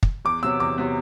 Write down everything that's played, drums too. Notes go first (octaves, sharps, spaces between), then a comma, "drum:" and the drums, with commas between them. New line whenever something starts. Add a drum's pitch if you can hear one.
drum: kick
E2 D6
C3 F#3 B3 E6
E2 D6
C3 F#3 B3